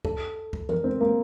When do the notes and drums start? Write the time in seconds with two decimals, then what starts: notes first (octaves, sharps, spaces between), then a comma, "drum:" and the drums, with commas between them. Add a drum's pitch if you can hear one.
0.05 A4, drum: kick C#2
0.53 drum: kick C#2
0.69 A#4, drum: tom E3
0.84 C4
1.01 A#3